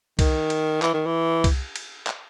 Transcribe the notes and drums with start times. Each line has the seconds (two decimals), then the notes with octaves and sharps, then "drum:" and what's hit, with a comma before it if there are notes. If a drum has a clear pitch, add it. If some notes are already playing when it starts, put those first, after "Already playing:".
0.19 D#3, drum: kick C2, cymbal
0.50 drum: cymbal
0.82 E3, drum: clap
0.94 D#3
1.06 E3
1.44 drum: kick C2, cymbal
1.76 drum: cymbal
2.07 drum: clap